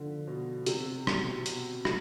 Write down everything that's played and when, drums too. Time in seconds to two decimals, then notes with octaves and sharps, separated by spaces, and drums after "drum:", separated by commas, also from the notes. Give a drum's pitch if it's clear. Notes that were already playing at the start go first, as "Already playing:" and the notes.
Already playing: D3 F3
0.27 B2
0.66 C3, drum: hi-hat
1.07 B2, drum: rim click
1.46 B2, drum: hi-hat
1.85 C3, drum: rim click